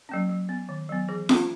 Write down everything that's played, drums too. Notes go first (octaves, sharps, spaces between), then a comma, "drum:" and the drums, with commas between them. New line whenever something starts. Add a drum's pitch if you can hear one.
F#3 A#3 C#4
F#3
B3
D#3
F#3 B3
E3 G#4
A#3 C#4, drum: snare